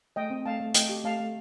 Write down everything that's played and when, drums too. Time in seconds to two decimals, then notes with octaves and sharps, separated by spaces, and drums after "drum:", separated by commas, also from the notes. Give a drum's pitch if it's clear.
0.16 A3 D#5 G5
0.30 C4
0.46 A3 F5 A5
0.60 A3
0.74 A3 D#5 G5, drum: hi-hat
0.89 G4
1.04 A3 F5 A5
1.20 A3